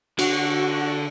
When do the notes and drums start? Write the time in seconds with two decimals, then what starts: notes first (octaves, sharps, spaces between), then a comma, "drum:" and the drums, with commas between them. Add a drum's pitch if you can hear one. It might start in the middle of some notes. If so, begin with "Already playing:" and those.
0.19 D3 F#4, drum: cymbal